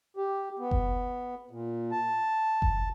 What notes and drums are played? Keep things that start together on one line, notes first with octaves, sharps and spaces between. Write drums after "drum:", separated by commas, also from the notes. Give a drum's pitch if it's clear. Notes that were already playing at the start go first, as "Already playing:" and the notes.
G4
B3
drum: kick F#1
A#2
A5
drum: kick F#1